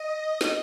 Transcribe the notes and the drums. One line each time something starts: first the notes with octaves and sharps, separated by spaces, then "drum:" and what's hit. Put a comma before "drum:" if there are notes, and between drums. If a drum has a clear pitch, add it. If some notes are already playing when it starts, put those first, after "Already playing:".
Already playing: D#5
drum: snare